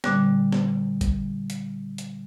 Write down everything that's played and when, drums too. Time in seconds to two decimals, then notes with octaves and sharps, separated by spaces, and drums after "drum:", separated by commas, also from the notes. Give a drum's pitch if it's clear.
0.04 A#2 D3 G3, drum: snare
0.52 drum: snare
1.01 drum: kick A1, hi-hat
1.50 drum: hi-hat
1.98 drum: hi-hat